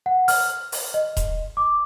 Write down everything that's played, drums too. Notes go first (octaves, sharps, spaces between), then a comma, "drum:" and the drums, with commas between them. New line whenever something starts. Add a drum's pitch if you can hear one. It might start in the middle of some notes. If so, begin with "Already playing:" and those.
F#5
F6, drum: open hi-hat
drum: open hi-hat
D#5
drum: kick D#1, hi-hat
D6